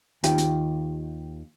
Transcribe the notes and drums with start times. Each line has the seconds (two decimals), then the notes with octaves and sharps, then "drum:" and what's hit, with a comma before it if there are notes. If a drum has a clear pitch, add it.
0.24 D#2 D#3 F4 G4 G5, drum: hi-hat
0.38 drum: hi-hat